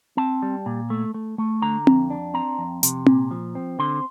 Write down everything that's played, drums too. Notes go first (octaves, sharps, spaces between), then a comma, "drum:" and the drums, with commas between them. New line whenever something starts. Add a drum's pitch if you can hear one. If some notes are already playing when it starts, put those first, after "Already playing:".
C4 A5
G3
A#2
A3
A3
A3
D3 A#5
F2, drum: tom C4
D4
C4 A#5
F2
C3, drum: hi-hat
A#2, drum: tom C4
F3
C4
D3 C6